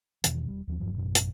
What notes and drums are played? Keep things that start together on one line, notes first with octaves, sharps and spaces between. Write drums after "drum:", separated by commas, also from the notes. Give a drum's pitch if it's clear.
E2 B2 D#3 E3, drum: hi-hat
E1 E2 G3
D#2 F3 C4
E1 G2 F3 F#3
A1 F#2 B2
drum: hi-hat